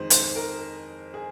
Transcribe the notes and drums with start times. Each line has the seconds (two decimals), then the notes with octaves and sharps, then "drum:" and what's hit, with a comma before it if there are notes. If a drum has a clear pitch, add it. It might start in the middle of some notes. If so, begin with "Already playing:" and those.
Already playing: F2 D#3 G#3 C5
0.10 C5, drum: hi-hat
0.36 A#4
1.14 G#4